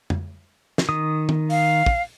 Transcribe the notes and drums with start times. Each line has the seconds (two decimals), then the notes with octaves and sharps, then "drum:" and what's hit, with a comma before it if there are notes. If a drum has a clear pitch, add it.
0.10 drum: tom
0.78 drum: snare
0.89 D#3 D#6
1.29 drum: tom
1.50 F5, drum: open hi-hat
1.86 drum: kick